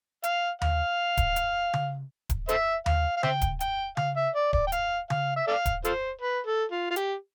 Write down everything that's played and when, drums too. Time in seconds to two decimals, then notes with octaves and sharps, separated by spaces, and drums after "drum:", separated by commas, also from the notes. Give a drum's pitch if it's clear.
0.24 F5, drum: hi-hat
0.61 F5, drum: tom D#2
1.17 drum: kick D1, hi-hat
1.36 drum: hi-hat
1.73 drum: tom C#3
2.30 drum: kick D1, hi-hat
2.49 A4 C5 E5, drum: hi-hat
2.86 F5, drum: tom D#2
3.16 F5
3.23 C5 E5 G5, drum: tom C#3
3.42 drum: kick D1, hi-hat
3.60 G5, drum: hi-hat
3.97 F5, drum: tom C#3
4.16 E5
4.35 D5
4.53 D5, drum: kick D1
4.67 G5
4.72 F5, drum: hi-hat
5.10 F5, drum: tom C#3
5.36 E5
5.47 A4 D5 F5
5.66 drum: kick D1, hi-hat
5.85 F4 A4 C5, drum: hi-hat
6.21 B4
6.46 A4
6.71 F4
6.90 F4
6.96 G4, drum: hi-hat